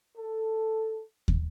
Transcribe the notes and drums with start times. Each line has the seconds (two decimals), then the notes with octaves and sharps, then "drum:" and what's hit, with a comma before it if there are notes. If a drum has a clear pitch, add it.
0.16 A4
1.28 drum: kick